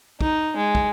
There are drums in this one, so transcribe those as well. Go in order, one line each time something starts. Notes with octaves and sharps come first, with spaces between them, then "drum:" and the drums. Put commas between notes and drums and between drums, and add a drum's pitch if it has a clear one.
D#4, drum: kick
G#3
drum: kick